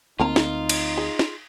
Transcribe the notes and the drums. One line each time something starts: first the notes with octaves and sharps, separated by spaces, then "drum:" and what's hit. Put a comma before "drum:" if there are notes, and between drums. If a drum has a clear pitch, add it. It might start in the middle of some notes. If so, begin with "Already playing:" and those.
D2 A#3 C4 D#4 F4 A#4 A#5
drum: snare
drum: cymbal
G#4
drum: snare